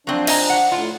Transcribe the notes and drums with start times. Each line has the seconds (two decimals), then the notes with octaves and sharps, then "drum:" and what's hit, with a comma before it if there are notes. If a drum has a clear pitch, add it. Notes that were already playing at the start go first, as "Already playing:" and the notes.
0.07 F3 F#3 C4 D4
0.27 D#5 G#5 A#5, drum: cymbal
0.50 F#5
0.72 A2 F4